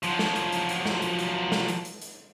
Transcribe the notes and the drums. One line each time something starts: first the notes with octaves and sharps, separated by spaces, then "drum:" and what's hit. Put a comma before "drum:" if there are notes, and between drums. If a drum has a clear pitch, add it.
F3 F#3, drum: hi-hat
drum: snare
drum: hi-hat
drum: hi-hat
drum: hi-hat
drum: snare
drum: hi-hat
drum: hi-hat
drum: snare
drum: hi-hat
drum: hi-hat
drum: hi-hat